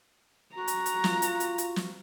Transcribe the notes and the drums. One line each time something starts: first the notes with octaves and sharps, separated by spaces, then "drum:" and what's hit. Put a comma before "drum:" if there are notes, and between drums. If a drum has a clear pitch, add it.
F#4 A#5
drum: hi-hat
drum: hi-hat
F4, drum: snare
drum: hi-hat
drum: hi-hat
drum: hi-hat
drum: snare